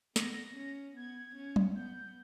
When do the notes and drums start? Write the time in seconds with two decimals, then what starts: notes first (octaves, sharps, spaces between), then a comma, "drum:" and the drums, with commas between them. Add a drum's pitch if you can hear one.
0.16 B3 A#6, drum: snare
0.56 C#4
0.96 B3 G#6
1.35 C#4
1.56 drum: tom F#3
1.75 B3 G6